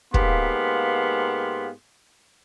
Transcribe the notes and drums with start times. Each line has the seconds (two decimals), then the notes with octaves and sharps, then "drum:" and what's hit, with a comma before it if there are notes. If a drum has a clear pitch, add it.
0.14 G#2 A#3 B3 G4 F5 C6, drum: kick